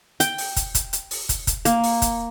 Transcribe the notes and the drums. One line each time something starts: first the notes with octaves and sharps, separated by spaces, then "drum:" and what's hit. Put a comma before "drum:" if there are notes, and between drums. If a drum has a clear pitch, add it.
G5, drum: hi-hat
drum: open hi-hat
drum: kick, hi-hat
drum: kick, hi-hat
drum: hi-hat
drum: open hi-hat
drum: kick, hi-hat
drum: kick, hi-hat
A#3, drum: hi-hat
drum: open hi-hat
drum: kick, hi-hat